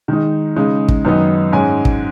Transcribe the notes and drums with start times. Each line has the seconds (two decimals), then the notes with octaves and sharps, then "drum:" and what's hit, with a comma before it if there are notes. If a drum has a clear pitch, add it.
0.08 D#3 G#3 D#4
0.56 C#3 G#3 D#4
0.88 drum: kick
1.05 F#2 D#3 B3 D#4
1.52 G#2 G#3 C#4 G#5
1.85 drum: kick